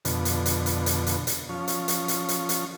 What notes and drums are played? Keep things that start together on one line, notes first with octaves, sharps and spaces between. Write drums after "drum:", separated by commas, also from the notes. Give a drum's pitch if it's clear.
F2 B2 D3, drum: hi-hat
drum: hi-hat
drum: hi-hat
drum: hi-hat
drum: hi-hat
drum: hi-hat
drum: hi-hat
F3 C#4
drum: hi-hat
drum: hi-hat
drum: hi-hat
drum: hi-hat
drum: hi-hat